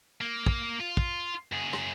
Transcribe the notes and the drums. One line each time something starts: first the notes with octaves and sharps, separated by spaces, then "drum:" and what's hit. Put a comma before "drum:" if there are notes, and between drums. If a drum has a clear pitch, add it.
A#3
drum: kick
F4
drum: kick
F#2 G#4
drum: rim click